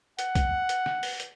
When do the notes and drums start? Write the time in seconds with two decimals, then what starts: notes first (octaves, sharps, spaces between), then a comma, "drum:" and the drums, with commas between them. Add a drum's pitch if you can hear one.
0.19 F#5, drum: hi-hat
0.35 drum: kick, hi-hat
0.69 drum: hi-hat
0.86 drum: rim click
1.03 drum: open hi-hat
1.20 drum: hi-hat